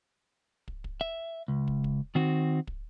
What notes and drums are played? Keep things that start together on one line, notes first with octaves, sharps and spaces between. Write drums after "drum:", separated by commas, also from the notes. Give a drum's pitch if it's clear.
drum: kick
drum: kick
E5
C#2
drum: kick
drum: kick
D#3 C4 F#4
drum: kick